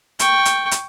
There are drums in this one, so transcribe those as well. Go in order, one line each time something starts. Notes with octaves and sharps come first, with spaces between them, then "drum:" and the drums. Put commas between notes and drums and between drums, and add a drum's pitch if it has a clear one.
G5 C#6, drum: hi-hat
drum: hi-hat
drum: hi-hat